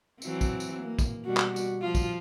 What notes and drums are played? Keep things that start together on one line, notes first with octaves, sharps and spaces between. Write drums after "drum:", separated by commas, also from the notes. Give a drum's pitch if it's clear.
E3 F#3 C4, drum: tambourine
drum: kick, tambourine
drum: tambourine
A#3
drum: kick, tambourine
B2 G3 F#4
drum: clap
drum: tambourine
F3 F4
drum: kick, tambourine